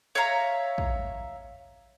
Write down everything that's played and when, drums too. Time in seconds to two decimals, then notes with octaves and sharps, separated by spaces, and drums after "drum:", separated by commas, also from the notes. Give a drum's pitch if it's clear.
0.15 C#5 E5 F5 A#5
0.78 drum: kick